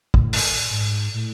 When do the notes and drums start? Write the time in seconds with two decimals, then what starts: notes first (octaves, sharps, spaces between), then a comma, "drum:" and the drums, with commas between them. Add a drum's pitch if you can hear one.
0.14 A2, drum: kick
0.33 drum: open hi-hat
0.70 G#2
1.14 A2